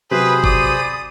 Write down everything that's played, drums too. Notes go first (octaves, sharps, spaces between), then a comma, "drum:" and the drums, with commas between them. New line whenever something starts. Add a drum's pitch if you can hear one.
C3 F#3 G#4 B4 C5 B5 D#6
D5 D#6, drum: kick F#1